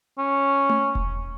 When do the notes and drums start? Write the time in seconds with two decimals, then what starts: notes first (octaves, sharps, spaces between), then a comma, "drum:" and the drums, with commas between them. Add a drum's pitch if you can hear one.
0.18 C#4
0.70 drum: tom A3
0.95 drum: kick E1